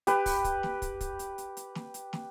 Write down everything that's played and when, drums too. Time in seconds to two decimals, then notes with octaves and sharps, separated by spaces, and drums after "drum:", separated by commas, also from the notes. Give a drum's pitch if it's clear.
0.07 G4 B4, drum: hi-hat
0.26 drum: kick, open hi-hat
0.44 drum: kick, hi-hat
0.63 drum: snare
0.82 drum: kick, hi-hat
1.01 drum: kick, hi-hat
1.19 drum: hi-hat
1.38 drum: hi-hat
1.57 drum: hi-hat
1.75 drum: snare
1.94 drum: hi-hat
2.13 drum: snare